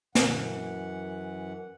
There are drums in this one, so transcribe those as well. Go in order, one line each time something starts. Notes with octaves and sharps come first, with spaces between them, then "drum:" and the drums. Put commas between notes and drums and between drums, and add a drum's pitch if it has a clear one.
F#2 E3 F#5, drum: snare